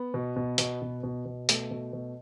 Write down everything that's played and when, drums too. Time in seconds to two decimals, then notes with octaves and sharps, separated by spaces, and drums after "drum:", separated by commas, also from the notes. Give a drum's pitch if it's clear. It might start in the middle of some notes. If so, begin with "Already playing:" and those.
Already playing: B3
0.14 B2
0.36 B2
0.58 B2, drum: hi-hat
0.82 B2
1.03 B2
1.25 B2
1.49 B2 A3, drum: hi-hat
1.71 B2
1.93 B2